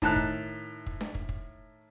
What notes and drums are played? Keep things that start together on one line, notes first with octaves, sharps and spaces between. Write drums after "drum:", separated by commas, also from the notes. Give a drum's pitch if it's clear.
A2 D#3 A5 A#5 F#6, drum: kick
drum: kick
drum: kick
drum: snare D4
drum: kick
drum: kick